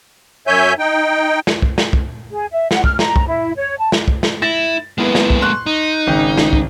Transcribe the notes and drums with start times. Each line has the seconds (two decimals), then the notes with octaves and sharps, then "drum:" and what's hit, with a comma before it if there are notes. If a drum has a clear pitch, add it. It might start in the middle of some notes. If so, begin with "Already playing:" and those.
0.47 F#2 C#5 E5 G#5 G6
0.79 D#4 G5
1.47 drum: snare
1.62 drum: kick
1.78 drum: snare
1.93 drum: kick
2.31 G#4
2.52 E5
2.71 F#5, drum: snare
2.84 F6, drum: kick
2.99 A#5, drum: snare
3.16 drum: kick
3.28 E4
3.56 C#5
3.79 A5
3.92 drum: snare
4.08 drum: kick
4.23 drum: snare
4.42 E4 A6 A#6
4.98 G#3 A#3 B3 E4 B4
5.15 drum: snare
5.30 drum: kick
5.42 C6 C#6 F#6
5.66 D#4
6.07 G#1 C#3 G5
6.38 drum: snare
6.53 drum: kick